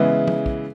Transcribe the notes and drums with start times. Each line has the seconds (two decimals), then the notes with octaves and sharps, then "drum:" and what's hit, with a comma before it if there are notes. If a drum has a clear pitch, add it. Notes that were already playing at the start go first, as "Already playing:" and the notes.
Already playing: C#3 E3 G#3 B3 E4
0.28 drum: tom
0.46 drum: kick